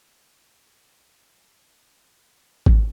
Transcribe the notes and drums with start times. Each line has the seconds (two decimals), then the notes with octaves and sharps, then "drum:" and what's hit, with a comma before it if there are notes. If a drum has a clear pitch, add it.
0.22 C#4 G#4
2.66 drum: kick